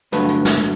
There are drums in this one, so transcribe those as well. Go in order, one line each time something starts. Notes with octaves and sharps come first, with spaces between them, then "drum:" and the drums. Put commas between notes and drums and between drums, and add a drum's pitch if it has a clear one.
G2 D3 F#3 A3 B4, drum: hi-hat
drum: hi-hat
drum: snare